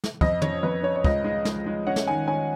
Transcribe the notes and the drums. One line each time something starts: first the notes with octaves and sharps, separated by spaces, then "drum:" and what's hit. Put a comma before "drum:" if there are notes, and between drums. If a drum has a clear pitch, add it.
drum: snare
F2 D#5, drum: kick
C#4 C#5, drum: tom
F2 B4
C#4 C#5
C#5
C#2 D#5, drum: kick
G#3
G#3, drum: snare
G#3
C#4 F#5
drum: snare
D#3 G#5
C#4 G#5